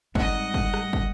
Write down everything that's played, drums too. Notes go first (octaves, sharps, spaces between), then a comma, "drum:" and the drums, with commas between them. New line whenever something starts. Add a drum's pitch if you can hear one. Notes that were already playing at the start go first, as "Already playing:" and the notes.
G#2 G3 C4 D#5 F#5, drum: kick
drum: kick
drum: rim click
drum: kick